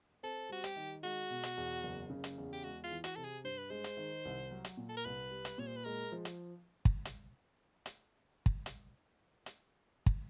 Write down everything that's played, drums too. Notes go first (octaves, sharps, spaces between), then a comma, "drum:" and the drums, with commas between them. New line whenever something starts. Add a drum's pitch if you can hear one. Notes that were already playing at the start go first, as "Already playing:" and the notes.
C4 A4
G3 F#4
G4, drum: hi-hat
D#3
G#3 F#4
B2
drum: hi-hat
E2
F#1
C#3
drum: hi-hat
E2
G4
G#3 F#4
F4
E3
F#4, drum: hi-hat
C3 A4
G#4
G2 C5
B4
G#3 C5
drum: hi-hat
D#3
C2
F#3
drum: hi-hat
A#2
A4
A#4
C2 B4
G3
drum: hi-hat
A#2 C#5
C5
B4
G#3 A#4
F3
drum: hi-hat
drum: kick
drum: hi-hat
drum: hi-hat
drum: kick
drum: hi-hat
drum: hi-hat
drum: kick